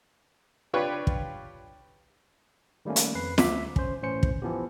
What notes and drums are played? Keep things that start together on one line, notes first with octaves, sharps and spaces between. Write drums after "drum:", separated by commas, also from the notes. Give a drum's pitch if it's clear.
D4 F4 G4 B4 C#5 D5
drum: kick
D#3 G3 A3 A#3 C#4
drum: hi-hat
F2 B4 C7
D2 E5 D6 B6, drum: snare
C#4 C5, drum: kick
A2 E3 C#4 C5 C#7
drum: kick
E3 F3 B3 G4